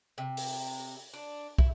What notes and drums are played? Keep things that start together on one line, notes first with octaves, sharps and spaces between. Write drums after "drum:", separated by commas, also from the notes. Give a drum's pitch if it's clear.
C3
drum: open hi-hat
D4
E4, drum: kick